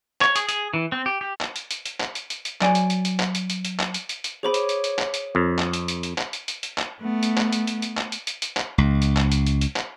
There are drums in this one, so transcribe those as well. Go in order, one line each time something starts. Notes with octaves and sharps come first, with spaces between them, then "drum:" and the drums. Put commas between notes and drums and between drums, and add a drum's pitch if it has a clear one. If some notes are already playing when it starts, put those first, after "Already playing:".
C#5, drum: clap
G#4, drum: hi-hat
G#4, drum: hi-hat
E3
C4
G4
G4
drum: clap
drum: hi-hat
drum: hi-hat
drum: hi-hat
drum: clap
drum: hi-hat
drum: hi-hat
drum: hi-hat
F#3 D5 G#5, drum: clap
drum: hi-hat
drum: hi-hat
drum: hi-hat
drum: clap
drum: hi-hat
drum: hi-hat
drum: hi-hat
drum: clap
drum: hi-hat
drum: hi-hat
drum: hi-hat
G#4 C5 C#5 B5 D6 D#6
drum: hi-hat
drum: hi-hat
drum: hi-hat
drum: clap
drum: hi-hat
F2
drum: clap
drum: hi-hat
drum: hi-hat
drum: hi-hat
drum: clap
drum: hi-hat
drum: hi-hat
drum: hi-hat
drum: clap
A3 B3
drum: hi-hat
drum: clap
drum: hi-hat
drum: hi-hat
drum: hi-hat
drum: clap
drum: hi-hat
drum: hi-hat
drum: hi-hat
drum: clap
C#2
drum: hi-hat
drum: clap
drum: hi-hat
drum: hi-hat
drum: hi-hat
drum: clap